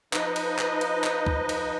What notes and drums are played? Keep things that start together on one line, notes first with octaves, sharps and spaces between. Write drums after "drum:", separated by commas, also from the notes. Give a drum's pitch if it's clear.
F3 D#4 B4 D#5, drum: clap
drum: cymbal
drum: clap
drum: cymbal
drum: clap
drum: kick C#2
drum: cymbal